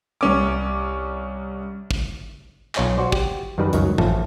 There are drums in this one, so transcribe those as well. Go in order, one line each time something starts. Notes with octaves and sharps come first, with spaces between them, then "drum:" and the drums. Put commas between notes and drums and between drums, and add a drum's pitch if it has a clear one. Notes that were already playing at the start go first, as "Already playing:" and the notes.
C2 C#4 D6
drum: kick
B1 F4 C#5 D#5 G#5, drum: clap
F#4 C5 D5
G4, drum: kick
F#2 D#3 G3 A#4 B4
C#2 F#2 D#3 F#3 C#5, drum: hi-hat
A1 F3 A4 E5, drum: tom G2